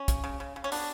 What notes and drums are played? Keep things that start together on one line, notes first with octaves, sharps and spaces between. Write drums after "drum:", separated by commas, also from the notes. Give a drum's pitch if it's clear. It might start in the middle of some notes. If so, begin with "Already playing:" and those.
Already playing: C#4
C#3, drum: kick, hi-hat
C#3
C#3
C#3
C#4
B3 D4, drum: open hi-hat